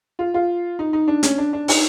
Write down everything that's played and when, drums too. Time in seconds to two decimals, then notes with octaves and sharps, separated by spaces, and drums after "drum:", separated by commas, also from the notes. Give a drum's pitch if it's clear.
0.19 F4
0.34 F4
0.79 D#4
0.93 D#4
1.08 D4
1.23 C#4, drum: hi-hat
1.38 D4
1.53 D4
1.68 D#4, drum: open hi-hat